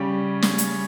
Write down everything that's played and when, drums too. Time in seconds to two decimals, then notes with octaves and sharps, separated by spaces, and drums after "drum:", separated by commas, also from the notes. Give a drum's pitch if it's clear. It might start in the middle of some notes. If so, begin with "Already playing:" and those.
Already playing: C#3 G3 C#4
0.42 drum: snare
0.58 drum: hi-hat